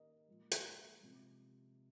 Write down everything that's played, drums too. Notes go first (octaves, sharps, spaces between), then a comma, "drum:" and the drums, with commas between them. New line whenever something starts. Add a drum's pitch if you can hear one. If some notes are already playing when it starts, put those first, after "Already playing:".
Already playing: D#3 A#3 A#4 D#5
A#2 F3 G#3
drum: hi-hat
C3 F3 G#3